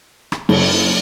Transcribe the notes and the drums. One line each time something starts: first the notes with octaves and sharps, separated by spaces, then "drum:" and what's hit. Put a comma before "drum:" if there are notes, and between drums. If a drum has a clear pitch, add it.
drum: rim click
F#1, drum: cymbal